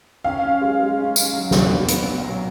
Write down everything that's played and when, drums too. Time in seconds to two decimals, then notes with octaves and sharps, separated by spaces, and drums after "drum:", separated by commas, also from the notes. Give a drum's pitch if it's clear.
0.24 C#4 F5
0.43 C#4
0.61 G#3
0.79 G#3
0.98 C#4
1.16 C#4, drum: tambourine
1.33 F#3
1.51 A#2, drum: snare
1.69 B3
1.88 B3, drum: hi-hat
2.05 B1
2.25 F#3